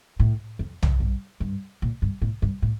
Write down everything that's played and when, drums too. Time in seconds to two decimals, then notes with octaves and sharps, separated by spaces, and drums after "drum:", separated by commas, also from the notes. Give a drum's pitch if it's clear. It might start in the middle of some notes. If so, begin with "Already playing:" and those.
0.19 A2
0.59 F2
0.83 F2, drum: tom B1
1.00 G2
1.40 G2
1.82 A#2
2.02 G2
2.22 A2
2.42 G2
2.62 A2